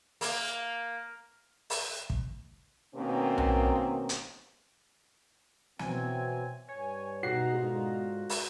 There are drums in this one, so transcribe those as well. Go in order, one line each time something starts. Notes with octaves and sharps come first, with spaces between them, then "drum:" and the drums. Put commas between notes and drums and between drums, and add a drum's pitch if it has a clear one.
A#3, drum: open hi-hat
drum: open hi-hat
drum: kick
B2 D#3 A#3 C4 C#4
drum: tom B1
drum: hi-hat
B2 E3 F#3 C4 G#5, drum: snare
G2 C#5 G#5
B2 D#4 F#4 F#5 A#5 C7
G#2 D3 F4
drum: open hi-hat